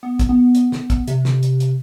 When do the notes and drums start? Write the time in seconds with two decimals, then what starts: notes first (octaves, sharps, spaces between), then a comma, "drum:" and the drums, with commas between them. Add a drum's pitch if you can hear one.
0.03 B3
0.19 drum: kick, hi-hat
0.29 B3
0.55 drum: hi-hat
0.72 drum: snare
0.90 drum: kick, hi-hat
1.07 C3, drum: hi-hat
1.25 drum: snare
1.43 drum: hi-hat
1.60 drum: hi-hat